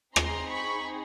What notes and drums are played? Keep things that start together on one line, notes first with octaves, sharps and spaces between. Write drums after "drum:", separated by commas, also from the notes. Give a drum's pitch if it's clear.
C4 D#4 G#4 A#5 C6, drum: rim click
B5 C#6